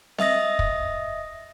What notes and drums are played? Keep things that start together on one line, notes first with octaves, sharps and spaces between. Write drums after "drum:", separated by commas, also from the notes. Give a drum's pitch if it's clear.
D#5 E5 D#6 A#6, drum: snare C4
drum: kick